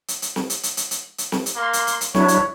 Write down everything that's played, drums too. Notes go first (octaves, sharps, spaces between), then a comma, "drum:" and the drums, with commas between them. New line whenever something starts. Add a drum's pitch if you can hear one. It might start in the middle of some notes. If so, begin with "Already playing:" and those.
drum: hi-hat
drum: hi-hat
drum: snare
drum: hi-hat
drum: hi-hat
drum: hi-hat
drum: hi-hat
drum: hi-hat
drum: snare
drum: hi-hat
A#3 C6
drum: hi-hat
drum: hi-hat
drum: hi-hat
F#3 D4 E4 C#5, drum: snare
drum: hi-hat